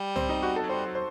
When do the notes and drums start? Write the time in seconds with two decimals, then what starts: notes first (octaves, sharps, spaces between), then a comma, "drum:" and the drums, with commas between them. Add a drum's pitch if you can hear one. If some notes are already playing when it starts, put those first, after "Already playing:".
Already playing: G3
0.16 C4, drum: tom
0.29 D#4
0.42 F#4
0.56 A4
0.63 F#3
0.69 G3 C5
0.86 F#3
0.95 C5